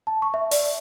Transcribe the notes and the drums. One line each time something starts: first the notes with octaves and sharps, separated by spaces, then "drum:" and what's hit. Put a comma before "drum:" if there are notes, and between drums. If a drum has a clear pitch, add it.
A5
C#6
E5
D5, drum: open hi-hat